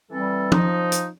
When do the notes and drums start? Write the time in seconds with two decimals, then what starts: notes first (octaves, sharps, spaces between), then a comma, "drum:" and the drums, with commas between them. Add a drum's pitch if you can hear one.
0.10 E3 G3 C4 A4
0.52 F3 D#4, drum: tom
0.92 drum: hi-hat